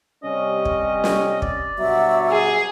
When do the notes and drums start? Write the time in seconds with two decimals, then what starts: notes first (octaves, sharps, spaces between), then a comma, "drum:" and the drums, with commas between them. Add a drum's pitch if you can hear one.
0.24 C3 G3 C#4 D#5
0.65 drum: kick
1.04 drum: snare
1.42 D5, drum: kick
1.79 G2 B2 F#3 E5
2.31 G#4